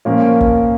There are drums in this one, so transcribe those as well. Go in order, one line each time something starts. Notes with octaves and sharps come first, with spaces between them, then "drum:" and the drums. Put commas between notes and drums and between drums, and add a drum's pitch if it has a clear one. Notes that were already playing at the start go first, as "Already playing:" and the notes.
A#2 F3 A#3 C#4
drum: kick